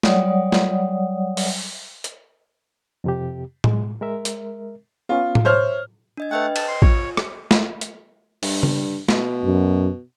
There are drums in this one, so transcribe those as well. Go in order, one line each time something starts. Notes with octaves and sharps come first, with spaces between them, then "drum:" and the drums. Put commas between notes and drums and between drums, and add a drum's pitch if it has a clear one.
F#3 G3 C#5 D5 F#5 D#6, drum: snare
drum: snare
drum: open hi-hat
drum: hi-hat
F2 C3 G4
G#3, drum: tom A2
G#3 A#4 E5
drum: hi-hat
B3 C#4 F4
drum: tom A2
C5 C#5 E5 F6
D4 D#5 G#6
A3 B4 D#5 F#5 G5
A5, drum: cymbal
C6
F4 C#5, drum: kick A1
drum: rim click
drum: snare
drum: hi-hat
G2, drum: open hi-hat
drum: tom C#3
B2, drum: snare
F#2